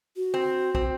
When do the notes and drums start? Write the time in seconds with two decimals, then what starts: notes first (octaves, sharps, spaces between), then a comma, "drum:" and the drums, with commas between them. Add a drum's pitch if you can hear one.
0.16 F#4
0.34 C4
0.75 C4, drum: kick